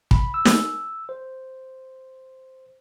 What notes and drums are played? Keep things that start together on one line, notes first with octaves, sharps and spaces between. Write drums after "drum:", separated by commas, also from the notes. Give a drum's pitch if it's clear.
B5, drum: kick
E6
drum: snare
C5